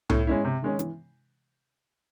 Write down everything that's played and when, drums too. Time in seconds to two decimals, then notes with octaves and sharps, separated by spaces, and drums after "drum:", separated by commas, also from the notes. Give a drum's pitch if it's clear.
0.09 A2, drum: tom C2
0.27 G#3 C#4 E4
0.45 C3
0.62 D#3 G#3 C#4
0.79 E3, drum: hi-hat